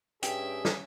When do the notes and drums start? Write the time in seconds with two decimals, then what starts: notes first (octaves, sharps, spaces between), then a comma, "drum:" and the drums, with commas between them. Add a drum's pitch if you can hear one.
0.23 G2 C#4 G#4 E5 G5, drum: hi-hat
0.65 drum: snare